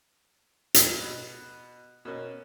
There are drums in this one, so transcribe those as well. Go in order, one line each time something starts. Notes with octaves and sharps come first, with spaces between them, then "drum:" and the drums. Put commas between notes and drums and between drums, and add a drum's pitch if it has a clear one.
drum: hi-hat
B2
B2 A#3 C#4